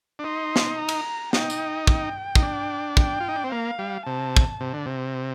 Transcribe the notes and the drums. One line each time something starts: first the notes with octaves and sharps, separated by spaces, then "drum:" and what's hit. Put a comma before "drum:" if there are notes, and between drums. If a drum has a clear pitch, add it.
D4
D#4 C6
drum: snare
A#5
drum: cymbal
D#4 G5, drum: snare
drum: tambourine
G5, drum: kick
D#4, drum: kick
D4
G5, drum: kick
F4
D#4
D4
C4
A#3 F5
G3
C3 A5
drum: kick
C3
D3
C3